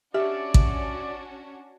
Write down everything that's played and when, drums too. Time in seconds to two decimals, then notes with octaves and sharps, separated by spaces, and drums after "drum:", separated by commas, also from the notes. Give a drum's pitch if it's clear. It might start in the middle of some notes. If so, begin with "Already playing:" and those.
0.14 C#4 D4 F#4 G4 D5 E5
0.54 drum: kick A1